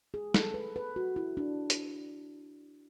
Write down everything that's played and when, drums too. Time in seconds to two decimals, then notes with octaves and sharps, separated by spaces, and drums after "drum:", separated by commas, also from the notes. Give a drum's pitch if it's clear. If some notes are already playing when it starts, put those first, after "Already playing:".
0.14 G#4
0.34 A4, drum: snare
0.54 B4
0.76 B4
0.96 F#4
1.16 E4
1.37 D4
1.70 drum: hi-hat